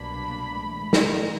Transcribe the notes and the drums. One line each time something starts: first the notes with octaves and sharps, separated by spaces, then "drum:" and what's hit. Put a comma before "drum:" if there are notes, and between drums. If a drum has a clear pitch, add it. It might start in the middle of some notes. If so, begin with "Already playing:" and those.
Already playing: C2 B2 F#3 A#3 D4 B5
A2 E3 G#3
A#5, drum: snare